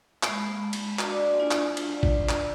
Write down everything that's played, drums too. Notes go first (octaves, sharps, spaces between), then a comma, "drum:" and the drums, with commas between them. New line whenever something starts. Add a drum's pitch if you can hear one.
G#3 A#3 B5, drum: clap
A5
drum: cymbal
A#3 D4 F#4, drum: clap
G#3 C5
D4 E4 F4 G#4 D5
drum: clap
drum: cymbal
D3 C6
drum: kick A1
drum: clap